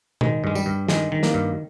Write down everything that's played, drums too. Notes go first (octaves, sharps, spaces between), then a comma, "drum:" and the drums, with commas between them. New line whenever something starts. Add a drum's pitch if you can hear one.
D#3 G#3, drum: tom B2
G2 G#3
G3, drum: tambourine
G2
D#3 G#3, drum: snare
D#3
A#3, drum: snare
G2